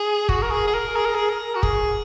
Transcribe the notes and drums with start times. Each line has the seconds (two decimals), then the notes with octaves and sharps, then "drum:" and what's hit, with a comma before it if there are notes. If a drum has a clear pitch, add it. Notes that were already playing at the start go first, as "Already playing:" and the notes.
Already playing: G#4
0.29 F#4, drum: kick
0.42 A#4
0.51 G#4
0.67 G#4
0.74 A#4
0.96 G#4
1.06 A#4
1.15 G#4
1.30 A#4
1.55 F#4
1.63 G#4, drum: kick